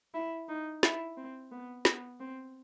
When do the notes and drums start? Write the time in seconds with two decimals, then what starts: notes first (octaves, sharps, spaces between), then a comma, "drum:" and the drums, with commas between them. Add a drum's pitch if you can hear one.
0.14 E4
0.48 D#4
0.83 E4, drum: snare
1.17 C4
1.52 B3
1.85 B3, drum: snare
2.20 C4